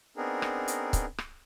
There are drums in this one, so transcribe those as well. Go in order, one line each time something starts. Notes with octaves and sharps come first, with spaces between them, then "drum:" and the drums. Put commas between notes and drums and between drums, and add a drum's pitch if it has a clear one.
B3 C4 D4 D#4 G#4 A#4
drum: rim click
drum: hi-hat
drum: kick C#1, hi-hat
drum: rim click